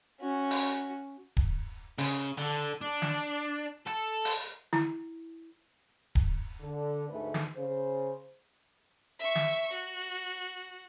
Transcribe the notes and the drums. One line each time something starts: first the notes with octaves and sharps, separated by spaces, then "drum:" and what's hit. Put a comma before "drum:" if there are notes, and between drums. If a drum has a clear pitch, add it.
C#4 F#4
drum: open hi-hat
drum: kick D1
C#3, drum: open hi-hat
D3 A4, drum: hi-hat
D4
drum: snare
A4, drum: hi-hat
drum: open hi-hat
E4, drum: snare
drum: kick D1
D3
D2 G#2 A3 B4
drum: snare
C#3 C5
E5 C#6
drum: snare
F#4